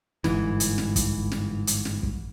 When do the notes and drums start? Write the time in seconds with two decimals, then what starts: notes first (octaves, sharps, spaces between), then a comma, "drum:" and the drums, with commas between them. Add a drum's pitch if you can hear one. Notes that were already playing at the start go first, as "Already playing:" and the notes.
0.24 G1 G#2 E3, drum: snare
0.60 drum: hi-hat
0.78 drum: snare
0.96 drum: kick, hi-hat
1.32 drum: snare
1.67 drum: hi-hat
1.85 drum: snare
2.03 drum: kick